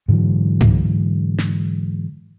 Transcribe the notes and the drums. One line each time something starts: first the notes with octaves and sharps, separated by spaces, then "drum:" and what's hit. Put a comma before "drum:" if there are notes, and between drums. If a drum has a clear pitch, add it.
G#2 D3 E3 F#3
drum: tom G#2
drum: snare